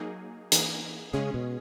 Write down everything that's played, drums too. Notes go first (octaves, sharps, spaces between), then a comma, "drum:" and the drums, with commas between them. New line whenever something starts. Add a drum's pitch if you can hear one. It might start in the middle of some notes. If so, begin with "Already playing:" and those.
Already playing: F#3 A#3 D#4 G#4
E3 A#3 D#4 G#4, drum: hi-hat
C#3 G#3 C#4 G#4
B2